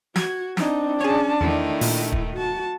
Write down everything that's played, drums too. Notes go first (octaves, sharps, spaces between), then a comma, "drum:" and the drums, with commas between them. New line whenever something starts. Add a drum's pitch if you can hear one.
F#4 G#6, drum: snare
C4 D4 D#4, drum: snare
C#4 G#4 C#5 A5
E2 D#3 A3 E4
A#2, drum: open hi-hat
drum: kick
F#4 A5